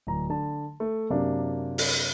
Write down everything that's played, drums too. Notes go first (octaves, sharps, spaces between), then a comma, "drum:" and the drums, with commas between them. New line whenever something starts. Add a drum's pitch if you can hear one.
D1 A#5
D3 A5
A3
F#2 C3 A#3 D4
drum: open hi-hat